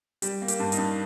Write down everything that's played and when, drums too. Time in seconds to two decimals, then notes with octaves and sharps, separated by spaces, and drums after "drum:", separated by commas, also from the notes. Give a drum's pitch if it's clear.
0.22 G3 G4, drum: hi-hat
0.42 A#3
0.48 G4, drum: hi-hat
0.59 G2
0.72 D#4, drum: hi-hat
0.78 G2